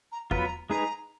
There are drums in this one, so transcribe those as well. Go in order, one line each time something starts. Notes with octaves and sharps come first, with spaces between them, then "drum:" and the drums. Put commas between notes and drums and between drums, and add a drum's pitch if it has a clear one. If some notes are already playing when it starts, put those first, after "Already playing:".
A#5
F#3 B3 F4 B4 A#5, drum: kick E2
B5
A#5
G#3 D#4 G#4 B4 A#5